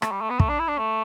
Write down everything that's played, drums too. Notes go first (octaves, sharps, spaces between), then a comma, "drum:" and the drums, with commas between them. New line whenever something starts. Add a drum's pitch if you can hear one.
A3, drum: rim click
G3
A3
B3
A3, drum: kick
D4
E4
D4
A3